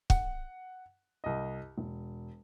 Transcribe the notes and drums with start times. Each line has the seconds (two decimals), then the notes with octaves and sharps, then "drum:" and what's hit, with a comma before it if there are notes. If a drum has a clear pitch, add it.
0.10 F#5, drum: kick
1.24 C2 D#5
1.78 E1